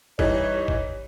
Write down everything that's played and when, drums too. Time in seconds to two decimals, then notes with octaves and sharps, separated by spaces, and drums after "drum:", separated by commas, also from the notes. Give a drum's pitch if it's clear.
0.19 E3 G3 D#4 C#5, drum: kick
0.68 drum: kick